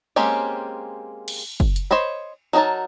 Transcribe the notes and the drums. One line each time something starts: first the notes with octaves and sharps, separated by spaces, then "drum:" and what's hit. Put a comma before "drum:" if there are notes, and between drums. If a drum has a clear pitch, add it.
G#3 A#3 C4 C#4 G4
drum: cymbal
drum: kick
drum: hi-hat
C5 C#5 D#5 B5
F#3 D#4 G#4 A#4 A5